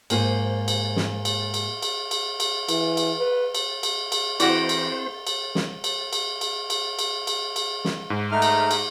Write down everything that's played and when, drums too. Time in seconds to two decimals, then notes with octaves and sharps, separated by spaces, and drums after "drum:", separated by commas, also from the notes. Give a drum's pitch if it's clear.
0.10 G#2 A#3 F4 C5, drum: cymbal
0.68 drum: cymbal
0.96 drum: snare
1.25 drum: cymbal
1.54 drum: cymbal
1.82 drum: cymbal
2.11 drum: cymbal
2.40 drum: cymbal
2.69 E3, drum: cymbal
2.97 drum: cymbal
3.18 B4
3.55 drum: cymbal
3.83 drum: cymbal
4.12 drum: cymbal
4.40 E3 C4 E4 F#4 G4 A#4 C5 D5, drum: cymbal
4.69 drum: cymbal
5.27 drum: cymbal
5.55 drum: snare
5.84 drum: cymbal
6.13 drum: cymbal
6.41 drum: cymbal
6.70 drum: cymbal
6.99 drum: cymbal
7.27 drum: cymbal
7.56 drum: cymbal
7.85 drum: snare
8.10 G#2
8.32 A3 D#4 F6
8.42 drum: cymbal
8.71 drum: cymbal